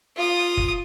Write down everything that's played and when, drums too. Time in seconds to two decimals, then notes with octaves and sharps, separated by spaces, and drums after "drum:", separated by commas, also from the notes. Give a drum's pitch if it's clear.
0.16 F4 D#6
0.57 drum: kick